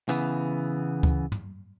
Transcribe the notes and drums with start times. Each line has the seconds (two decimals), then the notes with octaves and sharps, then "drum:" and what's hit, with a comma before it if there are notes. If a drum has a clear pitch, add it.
0.09 C#3 E3 B3, drum: tambourine
1.03 drum: kick D2
1.32 drum: tom